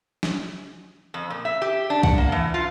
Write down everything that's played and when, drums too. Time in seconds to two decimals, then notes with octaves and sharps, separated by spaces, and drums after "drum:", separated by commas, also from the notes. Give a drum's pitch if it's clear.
0.23 drum: snare
1.14 F2
1.30 A#2
1.45 E5
1.62 G4
1.90 D4
2.03 F#5, drum: kick B1
2.18 A#3
2.32 E3
2.54 F4